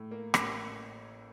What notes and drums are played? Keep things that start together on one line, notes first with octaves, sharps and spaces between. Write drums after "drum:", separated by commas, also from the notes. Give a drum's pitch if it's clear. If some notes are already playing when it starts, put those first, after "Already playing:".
Already playing: A2
A#3
A1, drum: rim click